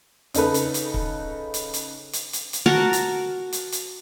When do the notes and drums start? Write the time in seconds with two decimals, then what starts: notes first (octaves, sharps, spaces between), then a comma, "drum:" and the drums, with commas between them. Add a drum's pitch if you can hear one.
0.34 C#3 D#4 A4 B4, drum: hi-hat
0.54 drum: hi-hat
0.74 drum: hi-hat
0.94 drum: kick C#1
1.54 drum: hi-hat
1.74 drum: hi-hat
2.13 drum: hi-hat
2.33 drum: hi-hat
2.53 drum: hi-hat
2.66 F#4 A#4 A5
2.93 drum: hi-hat
3.53 drum: hi-hat
3.72 drum: hi-hat